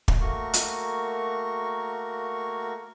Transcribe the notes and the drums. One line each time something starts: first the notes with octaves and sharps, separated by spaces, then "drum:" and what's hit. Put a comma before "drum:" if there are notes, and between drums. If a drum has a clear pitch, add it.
drum: kick
A3 A#3 F#4 A#4 C#6
drum: hi-hat